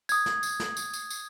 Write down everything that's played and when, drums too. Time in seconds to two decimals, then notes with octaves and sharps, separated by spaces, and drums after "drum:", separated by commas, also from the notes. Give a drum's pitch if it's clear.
0.09 D#6 G#6, drum: tambourine
0.26 drum: snare
0.43 drum: tambourine
0.60 drum: snare
0.77 drum: tambourine
0.93 drum: tambourine
1.10 drum: tambourine